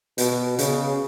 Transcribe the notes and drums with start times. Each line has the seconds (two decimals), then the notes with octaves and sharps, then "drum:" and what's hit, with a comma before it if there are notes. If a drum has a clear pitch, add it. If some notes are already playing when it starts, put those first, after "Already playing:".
0.18 B2, drum: hi-hat
0.59 C#3, drum: hi-hat